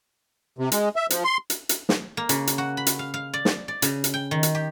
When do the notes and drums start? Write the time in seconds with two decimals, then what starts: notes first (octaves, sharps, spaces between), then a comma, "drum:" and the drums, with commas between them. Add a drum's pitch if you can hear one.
0.58 C3
0.72 G#3, drum: hi-hat
0.96 E5
1.10 F3, drum: hi-hat
1.24 C6
1.50 drum: hi-hat
1.69 drum: hi-hat
1.89 drum: snare
2.17 A#3
2.29 C#3, drum: hi-hat
2.47 drum: hi-hat
2.58 F#4
2.77 B5
2.87 drum: hi-hat
2.99 F5
3.14 F5
3.34 D5
3.45 drum: snare
3.68 D5
3.82 C#3, drum: hi-hat
4.04 drum: hi-hat
4.14 G5
4.31 D#3
4.43 drum: hi-hat
4.55 G4